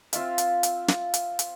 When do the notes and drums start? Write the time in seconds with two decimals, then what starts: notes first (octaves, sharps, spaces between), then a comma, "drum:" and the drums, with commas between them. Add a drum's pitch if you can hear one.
0.13 C4 F4 E5 F5, drum: hi-hat
0.38 drum: hi-hat
0.63 drum: hi-hat
0.88 drum: snare
1.14 drum: hi-hat
1.39 drum: hi-hat